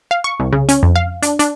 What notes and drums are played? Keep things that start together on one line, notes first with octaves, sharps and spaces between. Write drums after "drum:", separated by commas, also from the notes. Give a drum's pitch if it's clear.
F5
C#6
C2
C#3
C#4, drum: hi-hat
F2
F5
D4, drum: hi-hat
D4, drum: hi-hat